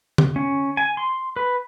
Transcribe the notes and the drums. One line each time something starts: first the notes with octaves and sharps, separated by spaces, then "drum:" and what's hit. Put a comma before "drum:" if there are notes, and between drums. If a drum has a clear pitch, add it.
drum: tom D3
C#4
G#5
C6
B4